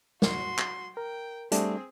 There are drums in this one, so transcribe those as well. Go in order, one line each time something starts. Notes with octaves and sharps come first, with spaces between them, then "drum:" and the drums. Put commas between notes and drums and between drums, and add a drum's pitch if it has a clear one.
F#4 C6, drum: snare
drum: clap
A#4 G5
G3 A3 C4 D4 G#4, drum: hi-hat